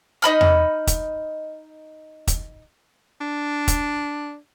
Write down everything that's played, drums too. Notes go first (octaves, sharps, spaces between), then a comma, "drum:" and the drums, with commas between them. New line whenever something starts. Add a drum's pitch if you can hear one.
D#4 D#5 B5 F6
drum: tom E2
drum: kick, hi-hat
drum: kick, hi-hat
D4
drum: kick, hi-hat